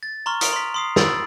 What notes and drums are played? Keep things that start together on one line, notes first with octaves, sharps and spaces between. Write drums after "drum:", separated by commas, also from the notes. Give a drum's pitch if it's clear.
A6
A#5 C6 C#6 F6
D#6 D7 F7, drum: hi-hat
C6 B6
C6 D#6 C7
B5 D#6 E6 A6 D7 F#7, drum: snare